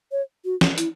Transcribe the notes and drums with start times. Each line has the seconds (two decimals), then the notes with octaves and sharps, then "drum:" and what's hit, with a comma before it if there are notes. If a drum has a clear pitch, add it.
0.12 C#5
0.45 F#4
0.61 drum: snare
0.78 E4, drum: hi-hat